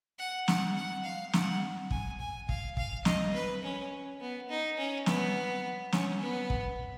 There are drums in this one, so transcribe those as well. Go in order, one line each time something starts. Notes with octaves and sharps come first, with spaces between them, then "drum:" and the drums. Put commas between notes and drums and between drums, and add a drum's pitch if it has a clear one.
F#5
F#5, drum: snare
F#5
F5
F#5, drum: snare
G#5, drum: kick
G#5
F5, drum: kick
F5, drum: kick
D#5, drum: snare
B4
C#4
B3
D#4
C#4
B3, drum: snare
C#4, drum: snare
B3
drum: kick